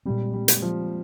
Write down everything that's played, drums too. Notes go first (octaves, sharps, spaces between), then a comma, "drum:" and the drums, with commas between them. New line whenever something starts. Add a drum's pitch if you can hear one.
A#2 G3 G#3 C4
G3
drum: hi-hat
F3